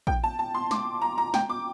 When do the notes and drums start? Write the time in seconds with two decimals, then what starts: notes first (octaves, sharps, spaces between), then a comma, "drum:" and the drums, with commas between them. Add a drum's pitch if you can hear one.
0.07 G5, drum: kick A#1
0.24 A5
0.39 A5
0.55 C6
0.71 D6, drum: snare
1.02 A#5
1.18 A#5
1.34 G5, drum: snare
1.49 D6